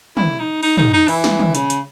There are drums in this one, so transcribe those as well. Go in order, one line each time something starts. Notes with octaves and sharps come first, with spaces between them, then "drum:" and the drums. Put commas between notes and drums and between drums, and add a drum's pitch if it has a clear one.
E4, drum: tom
D#4
D#4, drum: open hi-hat
D#4, drum: tom
D#4
E3, drum: open hi-hat
drum: snare
drum: tom
C#3, drum: hi-hat
drum: hi-hat